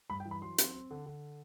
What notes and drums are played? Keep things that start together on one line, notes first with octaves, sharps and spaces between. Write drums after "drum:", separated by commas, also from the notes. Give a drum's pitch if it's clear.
G2 B5
G5
E3
B5
F#3 C6
C4, drum: hi-hat
C4
D3
D3